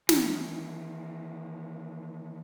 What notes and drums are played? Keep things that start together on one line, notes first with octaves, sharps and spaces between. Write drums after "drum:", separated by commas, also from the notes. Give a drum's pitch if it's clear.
D#2 E3, drum: snare